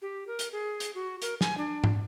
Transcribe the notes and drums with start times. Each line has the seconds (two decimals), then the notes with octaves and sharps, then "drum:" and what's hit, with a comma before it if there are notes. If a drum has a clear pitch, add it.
0.02 G4
0.27 A#4
0.39 drum: hi-hat
0.52 G#4
0.80 drum: hi-hat
0.95 F#4
1.22 A#4, drum: hi-hat
1.41 G#5, drum: snare
1.58 D4
1.84 drum: tom G#2